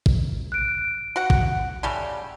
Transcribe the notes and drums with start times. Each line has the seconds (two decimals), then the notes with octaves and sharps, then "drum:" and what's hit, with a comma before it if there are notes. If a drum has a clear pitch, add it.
0.06 drum: kick
0.52 F#6 D7
1.16 F#4 F#5
1.30 drum: kick
1.83 C#3 G3 A3